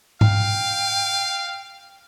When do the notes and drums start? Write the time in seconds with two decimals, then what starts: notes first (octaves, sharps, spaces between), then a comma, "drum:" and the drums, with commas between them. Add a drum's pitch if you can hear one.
0.21 F5 G5, drum: tom G#2